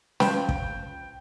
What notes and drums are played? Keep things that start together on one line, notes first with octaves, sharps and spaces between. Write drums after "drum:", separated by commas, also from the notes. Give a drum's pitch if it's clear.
F3 B4 G5, drum: snare C#4
drum: kick